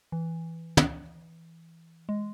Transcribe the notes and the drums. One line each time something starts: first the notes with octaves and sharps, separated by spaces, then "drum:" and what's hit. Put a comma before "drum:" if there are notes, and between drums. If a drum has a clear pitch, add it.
E3
drum: tom
G#3